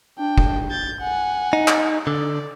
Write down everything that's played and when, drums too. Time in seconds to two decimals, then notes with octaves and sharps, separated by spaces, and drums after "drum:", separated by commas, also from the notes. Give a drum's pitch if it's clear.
0.19 D4 G5
0.38 drum: kick
0.71 G6 A6
1.01 F#5 G#5
1.53 D#4
1.68 drum: clap
2.07 D3 D5